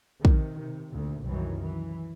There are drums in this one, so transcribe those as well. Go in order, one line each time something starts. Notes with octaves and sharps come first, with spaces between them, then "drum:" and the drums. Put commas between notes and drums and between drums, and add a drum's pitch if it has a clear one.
C3 D#3, drum: kick
C3
D2 A#2
C2 F#2 D#3 E3 F#3
E3